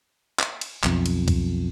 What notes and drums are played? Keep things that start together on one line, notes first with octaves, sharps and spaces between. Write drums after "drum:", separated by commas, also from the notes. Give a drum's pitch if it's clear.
drum: clap
drum: cymbal
B1 F2, drum: clap
drum: cymbal
drum: kick C#2, cymbal